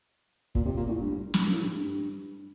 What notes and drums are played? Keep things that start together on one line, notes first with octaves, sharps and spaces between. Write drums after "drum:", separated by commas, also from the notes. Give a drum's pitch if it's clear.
A#2, drum: kick
C3
A#2
A2
G2
drum: snare
F#2
A2
G2
G2